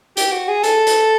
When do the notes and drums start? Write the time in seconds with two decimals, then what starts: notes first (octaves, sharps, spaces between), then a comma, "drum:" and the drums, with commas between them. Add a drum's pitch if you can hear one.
0.17 G4, drum: hi-hat
0.32 F#4
0.48 G#4
0.63 A4, drum: hi-hat
0.87 drum: hi-hat